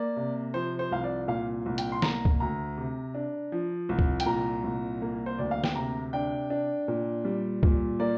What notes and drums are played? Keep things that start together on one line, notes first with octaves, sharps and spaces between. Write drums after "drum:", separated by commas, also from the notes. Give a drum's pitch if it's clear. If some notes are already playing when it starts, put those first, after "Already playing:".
Already playing: A#3 D5
C3
F3 C5
C5
C2 F5
D5
A#2 F5
C2
G5, drum: hi-hat
C6
A#3 A#5, drum: snare
drum: kick
D2 A#5
C3
D4
F3
C2
drum: kick
G5, drum: hi-hat
A#2 A#5
C2
A#3
C5
D2 D5
F5
G5, drum: snare
C3 A#5
D4 G5
D4
A#2
G3
A#2, drum: kick
A#3 D5